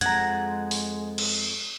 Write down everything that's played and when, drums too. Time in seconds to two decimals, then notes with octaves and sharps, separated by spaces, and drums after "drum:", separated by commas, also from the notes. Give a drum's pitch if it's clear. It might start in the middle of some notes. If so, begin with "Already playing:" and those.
0.01 F2 G#3 F#5 A#5 G#6, drum: hi-hat
0.71 drum: open hi-hat
1.18 drum: cymbal